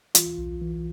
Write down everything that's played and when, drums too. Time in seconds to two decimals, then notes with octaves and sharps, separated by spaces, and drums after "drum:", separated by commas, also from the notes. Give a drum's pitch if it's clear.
0.15 E3 F4, drum: hi-hat
0.38 B1
0.61 E3